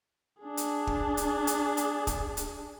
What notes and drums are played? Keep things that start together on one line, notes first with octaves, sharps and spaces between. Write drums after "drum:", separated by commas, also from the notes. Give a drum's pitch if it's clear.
D4 G#4
drum: hi-hat
drum: kick
drum: hi-hat
drum: hi-hat
drum: hi-hat
drum: kick, hi-hat
drum: hi-hat